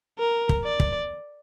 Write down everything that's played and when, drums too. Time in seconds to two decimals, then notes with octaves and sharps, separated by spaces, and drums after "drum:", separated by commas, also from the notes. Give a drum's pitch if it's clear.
0.19 A#4
0.49 drum: kick
0.64 D5
0.80 drum: kick